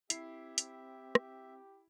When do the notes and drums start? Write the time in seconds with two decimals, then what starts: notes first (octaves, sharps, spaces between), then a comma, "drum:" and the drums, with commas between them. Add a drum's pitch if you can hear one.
0.10 C4 E4 G4 E5 C7, drum: hi-hat
0.58 drum: hi-hat
1.15 drum: rim click